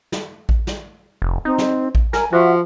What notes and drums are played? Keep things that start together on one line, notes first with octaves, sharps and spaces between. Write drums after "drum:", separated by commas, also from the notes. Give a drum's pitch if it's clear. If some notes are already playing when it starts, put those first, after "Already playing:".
drum: snare
drum: kick A1
drum: snare
F1
C4 D#4
drum: snare
drum: kick A1
A#4 G#5, drum: snare
F3 F#4 E5